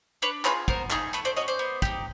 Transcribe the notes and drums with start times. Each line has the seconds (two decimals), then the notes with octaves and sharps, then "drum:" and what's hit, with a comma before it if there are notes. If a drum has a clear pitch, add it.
0.22 D4 B4 C#5
0.45 F4 G#4 B4 C#5, drum: clap
0.68 B3 A#4 C5, drum: kick
0.90 D#4 G#4, drum: clap
1.13 A3 A4 B4
1.25 C5 D5
1.36 C#4 F#4 C#5 D#5
1.48 C5 D5
1.59 B3
1.82 D#4 G4, drum: kick